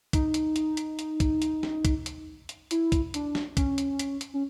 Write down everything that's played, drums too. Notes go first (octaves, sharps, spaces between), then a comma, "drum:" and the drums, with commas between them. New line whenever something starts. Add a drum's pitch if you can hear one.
D#4, drum: kick, hi-hat
drum: hi-hat
drum: hi-hat
drum: hi-hat
drum: hi-hat
drum: kick, hi-hat
drum: hi-hat
drum: snare
drum: kick, hi-hat
drum: hi-hat
drum: hi-hat
E4, drum: hi-hat
drum: kick, hi-hat
D4, drum: hi-hat
drum: snare
C#4, drum: kick, hi-hat
drum: hi-hat
drum: hi-hat
drum: hi-hat
C#4